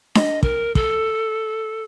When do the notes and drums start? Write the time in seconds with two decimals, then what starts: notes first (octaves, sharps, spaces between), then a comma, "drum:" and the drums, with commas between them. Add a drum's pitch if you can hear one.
0.15 D#5, drum: snare D4
0.43 A#4, drum: kick
0.75 A4, drum: kick